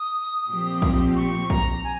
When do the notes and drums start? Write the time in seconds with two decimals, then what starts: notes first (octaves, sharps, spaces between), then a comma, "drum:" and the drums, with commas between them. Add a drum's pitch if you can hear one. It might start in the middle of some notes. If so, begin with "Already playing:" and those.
Already playing: D#6
0.47 A#2 F3 C4 G4
0.82 drum: kick A#1
1.16 C#6
1.50 A#5, drum: kick A#1
1.84 G#5